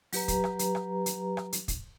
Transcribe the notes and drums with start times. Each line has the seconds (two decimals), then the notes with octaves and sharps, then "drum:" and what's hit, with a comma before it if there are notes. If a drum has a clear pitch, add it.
0.13 F#3 G4 B4 A#5, drum: open hi-hat
0.28 drum: kick, hi-hat
0.44 drum: rim click
0.59 drum: hi-hat
0.75 drum: rim click
1.06 drum: hi-hat
1.37 drum: rim click
1.53 drum: hi-hat
1.68 drum: kick, hi-hat